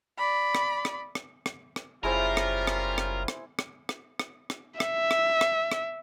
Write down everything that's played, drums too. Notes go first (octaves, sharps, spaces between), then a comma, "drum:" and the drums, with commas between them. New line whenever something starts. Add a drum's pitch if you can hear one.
D5 B5
drum: rim click
drum: rim click
drum: rim click
drum: rim click
drum: rim click
F#1 G3 C#4 E4 F4 G#4 A#4 C5
drum: rim click
drum: rim click
drum: rim click
drum: rim click
drum: rim click
drum: rim click
drum: rim click
drum: rim click
E5, drum: rim click
drum: rim click
drum: rim click
drum: rim click